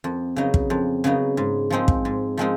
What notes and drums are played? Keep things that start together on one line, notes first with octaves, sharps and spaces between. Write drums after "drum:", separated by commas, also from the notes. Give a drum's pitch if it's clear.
F2
C#3 F#3 B3 D#4
drum: kick
F2
C#3 F#3 B3 D#4
G#2
F3 G#3 C4 D#4
drum: kick
G#2
F3 G#3 C4 D#4